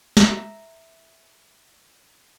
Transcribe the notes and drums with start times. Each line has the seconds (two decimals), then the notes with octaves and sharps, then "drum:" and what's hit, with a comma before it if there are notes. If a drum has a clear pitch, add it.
0.17 E5 A#5, drum: snare